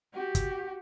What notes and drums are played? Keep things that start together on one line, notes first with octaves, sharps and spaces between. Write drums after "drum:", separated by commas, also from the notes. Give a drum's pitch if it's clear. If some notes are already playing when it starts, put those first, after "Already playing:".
F#4 G4
drum: kick, hi-hat